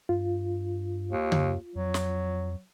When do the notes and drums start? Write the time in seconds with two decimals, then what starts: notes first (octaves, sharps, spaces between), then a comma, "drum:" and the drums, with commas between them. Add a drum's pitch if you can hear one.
0.09 G2 F4
1.11 D#2
1.32 F#2, drum: tom C#3
1.75 F2 F#3
1.94 drum: snare